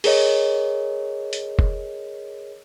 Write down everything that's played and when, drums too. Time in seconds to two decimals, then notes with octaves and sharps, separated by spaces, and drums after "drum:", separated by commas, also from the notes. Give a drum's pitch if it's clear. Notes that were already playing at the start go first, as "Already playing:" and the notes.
0.04 G#4 A#4 C#5 D#5, drum: open hi-hat
1.33 drum: hi-hat
1.59 drum: kick F1